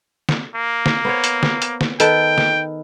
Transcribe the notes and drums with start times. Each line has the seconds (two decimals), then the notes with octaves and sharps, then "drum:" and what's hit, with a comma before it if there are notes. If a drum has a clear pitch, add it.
0.29 drum: snare
0.55 A#3
0.86 drum: snare
1.05 B3 C5 C#5
1.24 drum: hi-hat
1.43 drum: snare
1.62 drum: hi-hat
1.81 drum: snare
2.00 D#3 A4 B4 G5, drum: hi-hat
2.38 drum: snare